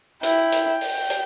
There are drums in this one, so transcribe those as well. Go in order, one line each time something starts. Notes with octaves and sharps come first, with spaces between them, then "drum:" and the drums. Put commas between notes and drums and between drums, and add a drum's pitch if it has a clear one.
E4 G5, drum: hi-hat
drum: hi-hat
drum: open hi-hat
drum: hi-hat